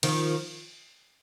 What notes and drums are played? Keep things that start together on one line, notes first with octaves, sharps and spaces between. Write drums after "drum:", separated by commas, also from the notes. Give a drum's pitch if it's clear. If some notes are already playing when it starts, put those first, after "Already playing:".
D#3 F3, drum: cymbal